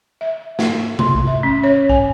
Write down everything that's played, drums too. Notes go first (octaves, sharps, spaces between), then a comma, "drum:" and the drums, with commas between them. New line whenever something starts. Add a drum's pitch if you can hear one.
E5
A#3, drum: snare
C6, drum: tom C3
drum: kick
E5
C#4
C#5
G#5, drum: kick